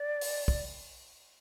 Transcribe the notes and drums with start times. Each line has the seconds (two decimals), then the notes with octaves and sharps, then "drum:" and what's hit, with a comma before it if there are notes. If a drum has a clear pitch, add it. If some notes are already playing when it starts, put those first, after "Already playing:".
Already playing: D5
0.21 drum: open hi-hat
0.48 drum: kick